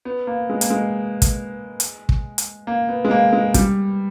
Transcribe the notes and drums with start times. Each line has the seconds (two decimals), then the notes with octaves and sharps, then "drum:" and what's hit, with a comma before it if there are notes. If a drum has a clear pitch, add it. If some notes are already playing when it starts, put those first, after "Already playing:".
0.05 B3
0.27 A#3
0.50 G#3
0.61 A#3, drum: hi-hat
0.70 G#3
1.22 drum: kick, hi-hat
1.80 drum: hi-hat
2.09 drum: kick
2.38 drum: hi-hat
2.67 A#3
2.89 B3
3.05 G#3
3.11 A#3
3.33 G#3
3.54 G3, drum: kick, hi-hat